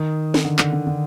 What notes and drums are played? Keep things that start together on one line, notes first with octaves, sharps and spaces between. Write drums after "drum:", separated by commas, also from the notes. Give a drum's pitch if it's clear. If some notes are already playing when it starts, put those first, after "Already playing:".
Already playing: D#3
drum: snare
D3
D3, drum: clap
D3
D3